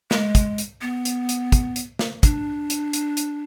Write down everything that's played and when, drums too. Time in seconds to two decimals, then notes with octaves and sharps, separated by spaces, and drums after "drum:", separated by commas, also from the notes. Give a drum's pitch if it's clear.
0.11 G#3, drum: snare
0.35 drum: kick, hi-hat
0.58 drum: hi-hat
0.81 B3
1.05 drum: hi-hat
1.29 drum: hi-hat
1.52 drum: kick, hi-hat
1.76 drum: hi-hat
1.99 drum: snare
2.23 D4, drum: kick, hi-hat
2.70 drum: hi-hat
2.93 drum: hi-hat
3.17 drum: hi-hat